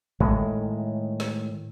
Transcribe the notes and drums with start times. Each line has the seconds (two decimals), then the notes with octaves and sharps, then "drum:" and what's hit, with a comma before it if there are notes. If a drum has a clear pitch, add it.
0.20 A2 D#3 G#3, drum: kick
1.20 drum: snare